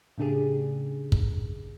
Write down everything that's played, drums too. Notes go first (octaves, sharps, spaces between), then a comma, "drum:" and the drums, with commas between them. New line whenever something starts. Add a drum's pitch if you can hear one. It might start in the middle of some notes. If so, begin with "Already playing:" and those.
A2 C#3 D4 G4 G#4
drum: kick